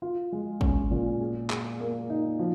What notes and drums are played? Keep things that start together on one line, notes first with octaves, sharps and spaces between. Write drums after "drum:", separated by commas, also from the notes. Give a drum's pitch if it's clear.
F4
G#3
C#4, drum: kick
A#2
G#4
G#4, drum: clap
A#3
D#4
F3